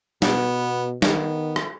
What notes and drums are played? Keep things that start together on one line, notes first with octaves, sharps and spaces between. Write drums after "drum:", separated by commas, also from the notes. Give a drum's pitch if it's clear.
B2 B3, drum: snare
D#3 B3, drum: snare
drum: rim click